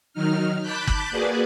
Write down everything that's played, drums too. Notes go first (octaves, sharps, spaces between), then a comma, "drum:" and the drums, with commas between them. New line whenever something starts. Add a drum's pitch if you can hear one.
D#3 F#3 D#4 F6
A5 B5 D6 F#6 G6 B6
drum: kick
A#3 F#4 G#4 B4 D5